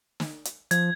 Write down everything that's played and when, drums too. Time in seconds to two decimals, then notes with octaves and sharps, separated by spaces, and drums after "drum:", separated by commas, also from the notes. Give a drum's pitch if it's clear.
0.20 drum: snare
0.45 drum: hi-hat
0.71 F3 G#6, drum: hi-hat